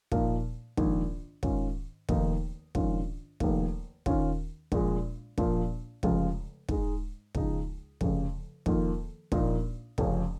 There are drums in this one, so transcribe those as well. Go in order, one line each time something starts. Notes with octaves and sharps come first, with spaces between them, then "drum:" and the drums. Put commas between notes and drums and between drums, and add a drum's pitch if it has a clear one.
A#2 F3 A#3 D#4, drum: kick
A#1 G#2 D#3 A#3, drum: kick
G#2 D#3 C#4 F4, drum: kick
F1 D#2 D#3 A#3 D#4, drum: kick
A#1 G#2 D#3 C#4 F4, drum: kick
F1 D#2 D#3 A#3, drum: kick
D#2 D#3 C#4 F4, drum: kick
A#1 A#2 G#3, drum: kick
A#1 A#2 F3 A#3, drum: kick
F1 F2 C#3 G#3 F4, drum: kick
G#2 G#3 D#4, drum: kick
C#2 C#3 F3 G#3 D#4, drum: kick
F1 F2 C#3, drum: kick
F2 D#3 A#3 F4, drum: kick
A#1 A#2 A#3 D#4, drum: kick
F1 F2 C#3 F3 C#4, drum: kick